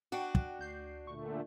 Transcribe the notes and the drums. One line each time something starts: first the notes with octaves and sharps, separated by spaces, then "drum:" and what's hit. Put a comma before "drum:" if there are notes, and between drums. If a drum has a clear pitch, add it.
D4 F#4 F#5 G5
drum: kick
D2 G6 C7
A#2 D3 A3 C#6